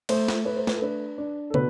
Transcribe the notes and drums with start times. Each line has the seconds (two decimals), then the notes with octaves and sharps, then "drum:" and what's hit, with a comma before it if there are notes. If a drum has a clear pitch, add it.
0.09 A3 C5, drum: cymbal
0.28 drum: snare
0.45 A3 B4
0.56 C5
0.67 B4, drum: snare
0.77 A4
0.82 D4 B4
1.18 D4
1.50 A4
1.54 B2 B4, drum: tom